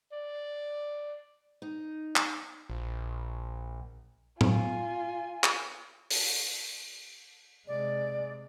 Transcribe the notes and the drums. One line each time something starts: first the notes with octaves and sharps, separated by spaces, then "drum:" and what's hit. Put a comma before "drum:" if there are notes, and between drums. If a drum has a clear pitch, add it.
D5
D#4
drum: clap
A#1
F4 G#5, drum: tom A2
drum: clap
drum: open hi-hat
C3 G#3 D5